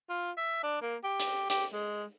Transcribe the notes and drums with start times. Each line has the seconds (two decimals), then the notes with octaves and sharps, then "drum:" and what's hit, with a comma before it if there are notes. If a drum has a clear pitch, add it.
0.09 F4
0.37 E5
0.63 D4
0.82 A#3
1.04 G4
1.20 drum: hi-hat
1.50 G4, drum: hi-hat
1.73 G#3